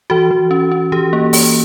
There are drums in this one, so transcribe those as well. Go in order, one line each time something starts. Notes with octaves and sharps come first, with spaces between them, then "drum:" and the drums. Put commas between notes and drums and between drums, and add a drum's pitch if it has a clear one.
E3 F#4
E3
C#4
C#4
E3 G4
A#3
E3, drum: open hi-hat